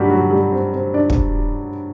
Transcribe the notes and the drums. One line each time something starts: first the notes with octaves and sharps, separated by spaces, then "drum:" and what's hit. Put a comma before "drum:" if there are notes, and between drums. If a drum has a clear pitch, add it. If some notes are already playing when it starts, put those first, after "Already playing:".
Already playing: G2 D#3 F#3 G3 F#4 G4
F#3 F#4
G3 G4
C4 C5
C4 C5
D4 D5
drum: kick